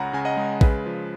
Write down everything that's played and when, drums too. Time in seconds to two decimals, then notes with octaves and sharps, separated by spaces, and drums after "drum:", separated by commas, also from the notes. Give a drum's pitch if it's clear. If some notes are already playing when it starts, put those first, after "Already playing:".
Already playing: C#2 C#3 G#3 C#4 F#5 A#5 B5
0.13 C#3 G#5
0.25 D#5 F#5
0.37 G#3
0.61 C#3 B4, drum: kick A#1
0.86 F3